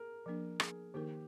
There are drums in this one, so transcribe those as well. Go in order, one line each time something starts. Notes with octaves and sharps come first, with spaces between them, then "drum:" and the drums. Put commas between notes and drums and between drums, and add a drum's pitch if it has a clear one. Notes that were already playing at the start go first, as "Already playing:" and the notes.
Already playing: G#4 A#4
F3 A#3 D4 A#4
G#4, drum: rim click
D#3 A#3 D#4 G4 A#4